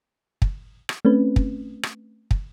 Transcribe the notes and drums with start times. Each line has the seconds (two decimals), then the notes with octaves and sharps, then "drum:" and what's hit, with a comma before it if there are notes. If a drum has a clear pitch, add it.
0.42 drum: kick
0.89 drum: rim click
1.05 A3 C4 C#4 B4
1.36 drum: kick
1.83 drum: rim click
2.31 drum: kick